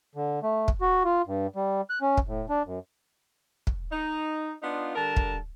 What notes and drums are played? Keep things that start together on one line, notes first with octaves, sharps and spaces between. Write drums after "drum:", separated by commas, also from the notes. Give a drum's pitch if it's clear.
D3
A3
drum: kick
F#4
F4
G2
G3
F#6
C#4
drum: kick
A2
D4
F#2
drum: kick
D#4
B3 D4 D#4 F4
D3 G3 A#4 A5
drum: kick